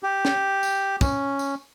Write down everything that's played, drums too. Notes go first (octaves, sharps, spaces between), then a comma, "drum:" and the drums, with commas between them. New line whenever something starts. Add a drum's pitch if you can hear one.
G4
drum: snare
drum: tambourine
C#4, drum: kick, tambourine
drum: tambourine